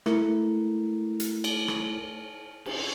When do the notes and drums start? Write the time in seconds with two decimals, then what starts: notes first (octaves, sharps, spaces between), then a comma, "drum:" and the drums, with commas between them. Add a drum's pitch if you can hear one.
0.06 A3 E4 A#4, drum: rim click
1.20 drum: hi-hat
1.44 drum: cymbal
1.68 drum: rim click
2.66 drum: cymbal